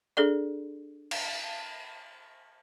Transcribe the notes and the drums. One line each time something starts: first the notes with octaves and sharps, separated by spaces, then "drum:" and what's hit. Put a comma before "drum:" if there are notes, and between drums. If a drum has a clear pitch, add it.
D4 G#4 A4 D5
drum: cymbal